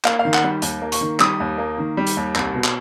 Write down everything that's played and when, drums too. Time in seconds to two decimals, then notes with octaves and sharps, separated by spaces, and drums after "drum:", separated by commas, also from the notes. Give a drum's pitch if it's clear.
0.04 A#3 F5, drum: clap
0.19 F5
0.25 D#3
0.34 F#5, drum: clap
0.44 G3
0.62 D#2, drum: hi-hat
0.82 A#3
0.92 C#6, drum: hi-hat
1.01 D#3
1.20 G3 D#6, drum: clap
1.40 D#2
1.58 A#3
1.78 D#3
1.97 G3
2.07 drum: hi-hat
2.17 D#2
2.36 C2, drum: clap
2.54 B2
2.64 drum: clap